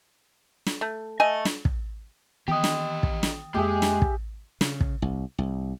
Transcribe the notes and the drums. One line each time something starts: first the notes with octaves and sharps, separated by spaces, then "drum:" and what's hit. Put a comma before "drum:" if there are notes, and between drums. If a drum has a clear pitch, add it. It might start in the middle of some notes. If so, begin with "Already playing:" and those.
drum: snare
A3
A3 D#5 G#5
drum: snare
drum: kick
D#3 E3 B3 G4 D#5 G5 D#6
drum: snare
drum: kick
drum: snare
F2 G#3 A#3 G4 G#4 E5
drum: snare
drum: kick
C#3, drum: snare
drum: kick
C2
C2